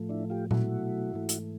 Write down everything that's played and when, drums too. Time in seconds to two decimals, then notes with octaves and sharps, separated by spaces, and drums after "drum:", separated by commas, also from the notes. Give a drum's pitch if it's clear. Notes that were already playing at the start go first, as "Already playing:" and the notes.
Already playing: A2 F3 A3
0.09 D4 E4
0.30 F4 G4
0.51 B2 F#3 A3 E4 F#4, drum: tom A#2
1.14 G#2 E3 A3
1.29 drum: hi-hat